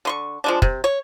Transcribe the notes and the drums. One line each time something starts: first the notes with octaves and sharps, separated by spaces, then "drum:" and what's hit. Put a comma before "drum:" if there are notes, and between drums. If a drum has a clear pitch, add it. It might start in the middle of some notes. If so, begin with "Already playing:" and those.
D3 C6 C#6
F3 G#3 D4
C3, drum: kick
C#5